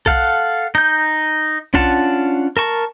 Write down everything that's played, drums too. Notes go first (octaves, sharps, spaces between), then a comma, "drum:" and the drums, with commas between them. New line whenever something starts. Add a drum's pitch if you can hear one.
A4 F5 F#5, drum: kick B1
D#4 G6
C#4 D4 F4 F#5 A5, drum: kick B1
A#4 A5 C#6